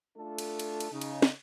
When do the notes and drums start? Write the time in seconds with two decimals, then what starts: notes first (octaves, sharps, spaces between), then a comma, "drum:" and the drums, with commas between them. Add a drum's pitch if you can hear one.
0.17 A3 D4 F4 A4
0.38 drum: cymbal
0.59 drum: cymbal
0.80 drum: cymbal
0.92 C#3 D#4
1.01 drum: cymbal
1.22 drum: snare